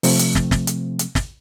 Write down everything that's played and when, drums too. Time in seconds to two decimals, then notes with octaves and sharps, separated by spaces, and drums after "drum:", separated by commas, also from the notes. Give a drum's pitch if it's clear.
0.03 C3 F3 A3 C4, drum: open hi-hat
0.19 drum: hi-hat
0.35 drum: snare
0.51 drum: snare
0.67 drum: hi-hat
0.99 drum: hi-hat
1.15 drum: snare